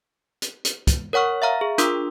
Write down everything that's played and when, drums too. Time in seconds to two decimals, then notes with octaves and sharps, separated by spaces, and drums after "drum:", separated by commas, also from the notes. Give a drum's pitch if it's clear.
0.42 drum: hi-hat
0.65 drum: hi-hat
0.87 drum: kick, hi-hat
1.13 A#4 C#5 F#5 C#6 F6
1.42 E5 F5 A#5 F6
1.61 G#4
1.78 D4 F4 A#4 C6 D6 E6, drum: hi-hat